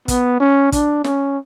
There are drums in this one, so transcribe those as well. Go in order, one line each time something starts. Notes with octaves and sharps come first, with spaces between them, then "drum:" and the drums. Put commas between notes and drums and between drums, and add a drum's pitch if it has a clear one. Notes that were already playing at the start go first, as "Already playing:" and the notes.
B3, drum: kick, hi-hat
C#4
D4, drum: kick, hi-hat
C#4, drum: snare